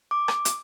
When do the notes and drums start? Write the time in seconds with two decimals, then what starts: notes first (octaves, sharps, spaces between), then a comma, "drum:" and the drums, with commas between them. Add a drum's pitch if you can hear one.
0.11 D6
0.28 drum: rim click
0.45 drum: hi-hat